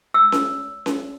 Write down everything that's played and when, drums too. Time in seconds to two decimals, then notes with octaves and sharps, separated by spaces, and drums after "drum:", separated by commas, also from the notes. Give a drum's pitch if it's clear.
0.14 E6
0.32 drum: snare C#4
0.86 drum: snare C#4